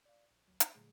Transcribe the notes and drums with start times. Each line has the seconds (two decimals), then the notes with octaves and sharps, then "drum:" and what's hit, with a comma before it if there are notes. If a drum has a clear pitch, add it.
0.06 D5 F5
0.31 A#1
0.48 G#1 D2 F#3
0.60 C6, drum: hi-hat
0.75 A#2 D3 F#3 G3 A3 G#4